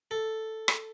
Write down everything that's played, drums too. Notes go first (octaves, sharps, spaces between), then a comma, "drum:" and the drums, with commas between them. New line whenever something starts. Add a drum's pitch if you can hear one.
A4
drum: rim click